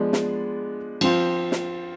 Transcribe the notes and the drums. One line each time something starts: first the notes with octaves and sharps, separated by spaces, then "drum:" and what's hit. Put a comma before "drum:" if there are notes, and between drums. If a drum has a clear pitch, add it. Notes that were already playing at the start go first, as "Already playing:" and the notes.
Already playing: F3 G#3 B3 D4
drum: snare
F3 C4 F4, drum: cymbal
drum: snare